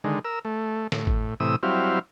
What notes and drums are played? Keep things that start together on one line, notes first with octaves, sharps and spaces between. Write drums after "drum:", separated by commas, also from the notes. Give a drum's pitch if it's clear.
D3 D#3 G#3
A#4 E6
A3
A2, drum: snare
drum: kick G#1
A2 C3 E3 D#6 E6
F#3 G3 C4 E4 F5